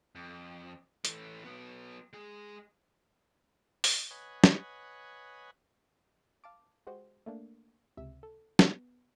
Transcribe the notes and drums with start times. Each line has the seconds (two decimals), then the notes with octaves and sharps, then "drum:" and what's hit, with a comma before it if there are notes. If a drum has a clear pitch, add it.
0.15 F2
1.05 E3 A3, drum: hi-hat
1.44 F#3 B3
2.13 G#3 G#4
3.84 drum: open hi-hat
4.11 B4 C#5 D#5 F#5 G#5
4.44 drum: snare
6.44 F5 A5 D6
6.87 G#3 F#4 G4 C5
7.26 A3 A#3 D4
7.97 C#2 C3 E5
8.23 A4
8.59 B3, drum: snare